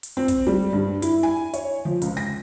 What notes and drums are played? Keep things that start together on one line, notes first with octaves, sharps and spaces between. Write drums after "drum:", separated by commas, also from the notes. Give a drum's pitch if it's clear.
drum: hi-hat
C4
drum: kick, hi-hat
G3
G2
E4, drum: hi-hat
G#5
C#5, drum: hi-hat
F3
C#2, drum: hi-hat
A#6